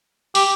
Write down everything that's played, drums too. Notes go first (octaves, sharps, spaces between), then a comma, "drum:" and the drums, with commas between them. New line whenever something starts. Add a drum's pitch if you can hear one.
G4, drum: open hi-hat